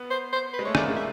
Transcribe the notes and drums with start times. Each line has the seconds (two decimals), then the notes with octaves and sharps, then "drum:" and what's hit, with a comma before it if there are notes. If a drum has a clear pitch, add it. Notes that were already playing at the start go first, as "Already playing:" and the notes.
Already playing: B3
0.11 C5
0.33 C5
0.53 B4
0.59 G#3
0.65 A3 C#5
0.75 A#3 D5, drum: rim click
0.96 E5